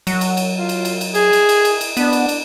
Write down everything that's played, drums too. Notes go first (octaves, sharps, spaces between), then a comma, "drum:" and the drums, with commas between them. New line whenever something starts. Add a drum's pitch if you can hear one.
F#3, drum: cymbal
drum: cymbal
drum: cymbal
F4
drum: cymbal
drum: cymbal
drum: cymbal
G#4, drum: cymbal
drum: cymbal
drum: cymbal
drum: cymbal
drum: cymbal
B3 D4, drum: cymbal
drum: cymbal
drum: cymbal